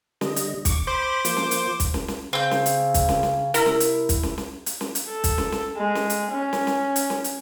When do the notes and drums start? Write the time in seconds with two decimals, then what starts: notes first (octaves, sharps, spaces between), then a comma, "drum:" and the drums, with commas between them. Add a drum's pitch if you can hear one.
0.21 D3 G3 D#5, drum: snare
0.36 drum: hi-hat
0.65 C#6 D6, drum: kick, hi-hat
0.87 C5 B5 D6
1.25 F3 A#3, drum: hi-hat
1.37 drum: snare
1.51 drum: hi-hat
1.80 drum: kick, hi-hat
1.94 drum: snare
2.08 drum: snare
2.33 C#3 C4 G6
2.51 drum: snare
2.66 drum: hi-hat
2.94 drum: kick, hi-hat
3.09 drum: snare
3.23 drum: snare
3.54 C3 E4 A#4, drum: hi-hat
3.66 drum: snare
3.80 drum: hi-hat
4.09 drum: kick, hi-hat
4.23 drum: snare
4.38 drum: snare
4.66 drum: hi-hat
4.81 drum: snare
4.95 drum: hi-hat
5.08 A4
5.24 drum: kick, hi-hat
5.38 drum: snare
5.52 drum: snare
5.77 G#3
5.95 drum: snare
6.10 drum: hi-hat
6.31 C#4
6.53 drum: snare
6.67 drum: snare
6.96 drum: hi-hat
7.10 drum: snare
7.24 drum: hi-hat